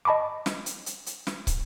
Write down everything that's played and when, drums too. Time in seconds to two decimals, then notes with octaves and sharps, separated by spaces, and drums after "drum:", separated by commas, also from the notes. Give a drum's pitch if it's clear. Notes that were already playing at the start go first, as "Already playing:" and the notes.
0.05 D#5 A5 B5 C#6 D6
0.46 drum: snare
0.66 drum: hi-hat
0.86 drum: hi-hat
1.06 drum: hi-hat
1.27 drum: snare
1.47 drum: kick, hi-hat